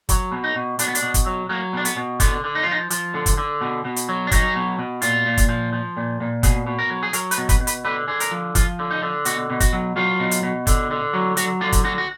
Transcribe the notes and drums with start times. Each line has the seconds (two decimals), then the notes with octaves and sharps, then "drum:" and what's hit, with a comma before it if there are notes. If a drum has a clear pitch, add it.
0.09 F#3, drum: kick, hi-hat
0.32 B2
0.44 D#4
0.56 B2
0.79 B2 D4, drum: hi-hat
0.88 B3
0.95 D4, drum: hi-hat
1.03 B2
1.14 drum: kick, hi-hat
1.26 F#3
1.49 F#3 A#3
1.73 B2 D4
1.85 B3, drum: hi-hat
1.96 B2
2.20 D3 B3, drum: kick, hi-hat
2.44 D3
2.55 D#4
2.63 F4
2.67 F3 D#4
2.90 F3, drum: hi-hat
3.14 D3
3.26 drum: kick, hi-hat
3.38 D3
3.61 B2
3.85 B2
3.96 drum: hi-hat
4.09 F#3
4.27 D4
4.31 F#3 D#4, drum: kick, hi-hat
4.56 B2
4.79 B2
5.02 A#2 F4, drum: hi-hat
5.26 A#2
5.38 drum: kick, hi-hat
5.49 F3
5.73 F3
5.97 A#2
6.20 A#2
6.43 B2 G#4, drum: kick, hi-hat
6.67 B2
6.79 A#4
6.90 F#3
7.03 G#4
7.13 F#3 A#4, drum: hi-hat
7.31 B4, drum: hi-hat
7.37 B2
7.49 B4, drum: kick, hi-hat
7.60 B2
7.67 B4, drum: hi-hat
7.85 D3 B4
8.08 D3 G#4
8.20 A#4, drum: hi-hat
8.31 F3
8.55 F3 F4, drum: kick, hi-hat
8.79 D3
8.91 D#4
9.02 D3
9.25 B2 F#4, drum: hi-hat
9.50 B2
9.60 F#4, drum: kick, hi-hat
9.73 F#3
9.96 F#3 F4
10.20 B2
10.31 drum: hi-hat
10.43 B2
10.67 D3, drum: kick, hi-hat
10.91 D3
11.13 F#3
11.37 F#3 F#4, drum: hi-hat
11.61 D3 F4
11.72 drum: kick, hi-hat
11.84 D3 F#4
11.98 F#4